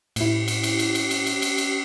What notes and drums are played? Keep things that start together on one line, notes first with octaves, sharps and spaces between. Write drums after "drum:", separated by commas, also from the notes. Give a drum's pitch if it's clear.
A2 E4, drum: cymbal
drum: cymbal
drum: cymbal
drum: cymbal
drum: cymbal
drum: cymbal
drum: cymbal
drum: cymbal
drum: cymbal